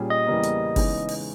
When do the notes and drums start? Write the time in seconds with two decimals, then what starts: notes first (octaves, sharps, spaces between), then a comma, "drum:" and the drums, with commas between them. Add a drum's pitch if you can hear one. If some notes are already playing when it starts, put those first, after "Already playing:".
Already playing: A#2 G3 C#4 G#4
0.10 D#5
0.27 E2 C#3 G3 A#3
0.43 drum: hi-hat
0.76 E2 C#3 G#3 D#4, drum: kick F#1, open hi-hat
1.09 drum: open hi-hat